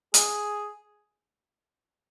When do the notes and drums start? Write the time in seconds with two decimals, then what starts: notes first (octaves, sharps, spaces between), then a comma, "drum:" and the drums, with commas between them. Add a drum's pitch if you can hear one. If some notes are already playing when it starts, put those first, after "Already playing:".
0.14 G#4, drum: hi-hat